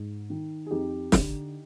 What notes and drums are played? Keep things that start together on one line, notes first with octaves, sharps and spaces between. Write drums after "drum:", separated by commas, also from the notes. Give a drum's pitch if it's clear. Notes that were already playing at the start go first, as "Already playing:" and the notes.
Already playing: G#2
D#3
G#4
F2 D#4 G4
D3, drum: snare